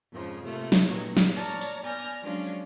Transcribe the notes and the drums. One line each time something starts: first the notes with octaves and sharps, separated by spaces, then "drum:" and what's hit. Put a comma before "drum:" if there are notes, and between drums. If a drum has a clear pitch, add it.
F2 G#2 C#3 F3
C3 A3 A#3 F4
drum: snare
G2 A#2 F#3 D#4
drum: snare
C#5 D5 A5 A#5 F6
drum: tambourine
B3 D5 G#5 F6 G6 A#6
F3 F#3 G#3 C#4 D4 F4